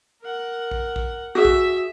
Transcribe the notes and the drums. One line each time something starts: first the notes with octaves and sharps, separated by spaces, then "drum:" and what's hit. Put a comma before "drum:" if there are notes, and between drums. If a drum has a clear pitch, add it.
A#4 F#5
drum: kick A#1
drum: kick A#1
F#4 G#4 E5
drum: kick A#1